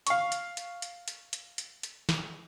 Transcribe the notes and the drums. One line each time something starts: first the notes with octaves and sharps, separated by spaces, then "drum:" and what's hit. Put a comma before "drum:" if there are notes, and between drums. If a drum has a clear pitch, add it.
F5 C#6, drum: hi-hat
drum: hi-hat
drum: hi-hat
drum: hi-hat
drum: hi-hat
drum: hi-hat
drum: hi-hat
drum: hi-hat
drum: snare